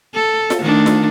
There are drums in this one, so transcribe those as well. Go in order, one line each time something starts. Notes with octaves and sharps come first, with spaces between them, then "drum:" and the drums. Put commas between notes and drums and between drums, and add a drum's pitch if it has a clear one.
A4
drum: snare F4
D#3 A3 D4
drum: snare F4